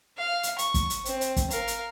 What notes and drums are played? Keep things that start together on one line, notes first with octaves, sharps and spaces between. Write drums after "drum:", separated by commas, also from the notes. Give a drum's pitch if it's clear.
F5
drum: hi-hat
C#6, drum: hi-hat
drum: kick, hi-hat
drum: hi-hat
C4, drum: hi-hat
drum: hi-hat
drum: kick, hi-hat
A#4 F5, drum: hi-hat
drum: hi-hat